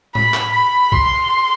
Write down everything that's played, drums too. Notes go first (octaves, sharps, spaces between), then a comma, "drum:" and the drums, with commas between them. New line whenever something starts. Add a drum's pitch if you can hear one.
B5, drum: tom A2
drum: clap
B5
C6, drum: kick